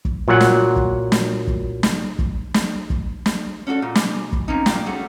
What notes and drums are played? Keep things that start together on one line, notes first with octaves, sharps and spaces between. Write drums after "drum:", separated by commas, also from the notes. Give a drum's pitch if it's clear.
drum: kick
A#2 F#3 F#5
drum: snare
drum: kick
drum: snare
drum: kick
drum: snare
drum: kick
drum: snare
drum: kick
drum: snare
C#4 D4 F#4 A4 D5
A#2
B2 G4 G#5, drum: snare
drum: kick
A#3 C4 C#4 D#4
A#2 A#3 D5 G5, drum: snare
A3 C#4 F#4 G#4